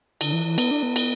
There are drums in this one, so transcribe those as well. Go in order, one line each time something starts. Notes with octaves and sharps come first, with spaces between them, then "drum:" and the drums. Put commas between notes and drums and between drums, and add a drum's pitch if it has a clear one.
D3, drum: cymbal
E3
E3
B3, drum: cymbal
D4
B3
drum: cymbal